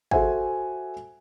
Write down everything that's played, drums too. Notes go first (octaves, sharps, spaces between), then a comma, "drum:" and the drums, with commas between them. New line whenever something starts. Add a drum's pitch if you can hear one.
F#4 A4 C5 E5 F#5 G#5, drum: kick